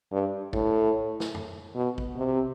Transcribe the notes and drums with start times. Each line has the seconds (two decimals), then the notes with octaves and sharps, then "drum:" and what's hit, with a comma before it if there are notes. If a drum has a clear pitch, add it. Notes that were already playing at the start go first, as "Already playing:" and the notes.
0.12 G2
0.53 A2, drum: kick
1.20 drum: snare
1.34 drum: tom
1.75 B2
1.98 drum: kick
2.16 C3